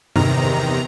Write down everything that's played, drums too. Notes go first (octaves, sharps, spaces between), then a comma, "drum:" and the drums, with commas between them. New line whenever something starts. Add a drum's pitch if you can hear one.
E2 C3 D#3 A#5, drum: tom G2